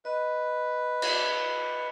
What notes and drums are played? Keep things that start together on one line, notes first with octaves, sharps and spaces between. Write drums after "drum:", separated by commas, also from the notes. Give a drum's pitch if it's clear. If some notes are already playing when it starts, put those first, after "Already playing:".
B4 D#5
drum: cymbal